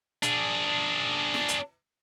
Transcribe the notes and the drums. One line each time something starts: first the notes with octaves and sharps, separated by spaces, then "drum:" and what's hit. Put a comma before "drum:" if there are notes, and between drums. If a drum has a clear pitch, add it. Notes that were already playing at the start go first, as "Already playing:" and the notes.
D4 G#4, drum: hi-hat
drum: snare
drum: hi-hat